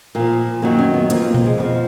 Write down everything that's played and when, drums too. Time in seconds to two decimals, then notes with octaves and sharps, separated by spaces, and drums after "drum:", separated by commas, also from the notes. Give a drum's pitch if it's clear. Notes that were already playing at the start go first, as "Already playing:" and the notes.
0.15 A#2 F3 A#3
0.62 F#2 D#3 F#3 A#3
0.79 C#4
0.94 B3
1.10 F2 F3 A#3, drum: hi-hat
1.22 A#3
1.34 A#3, drum: tom A#2
1.46 G#3
1.58 F2 F3 B3